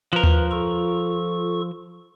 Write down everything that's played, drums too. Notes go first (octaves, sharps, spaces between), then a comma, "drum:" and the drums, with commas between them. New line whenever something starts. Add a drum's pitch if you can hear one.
F3 A#4 B4
drum: tom D#2
F4 A4 C#6